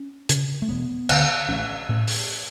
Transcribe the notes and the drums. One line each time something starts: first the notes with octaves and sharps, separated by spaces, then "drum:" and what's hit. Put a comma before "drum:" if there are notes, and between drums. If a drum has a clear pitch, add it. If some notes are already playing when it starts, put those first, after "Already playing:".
Already playing: C#4
C#3, drum: hi-hat
A3
E1 B3
D2 D3, drum: cymbal
A1 C#4
A2
drum: open hi-hat